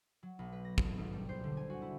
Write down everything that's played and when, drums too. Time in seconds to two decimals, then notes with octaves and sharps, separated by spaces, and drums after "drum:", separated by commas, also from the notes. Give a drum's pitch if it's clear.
0.23 F#3
0.39 B1
0.52 B4
0.65 A#6
0.78 A1, drum: kick
0.98 G#1
1.13 G3
1.29 C5
1.44 D3
1.57 G#5
1.70 F#4
1.82 E4